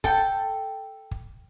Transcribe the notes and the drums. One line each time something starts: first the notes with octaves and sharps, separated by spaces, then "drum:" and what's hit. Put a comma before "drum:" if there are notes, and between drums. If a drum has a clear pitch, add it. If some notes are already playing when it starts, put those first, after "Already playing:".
A4 G5, drum: kick
drum: kick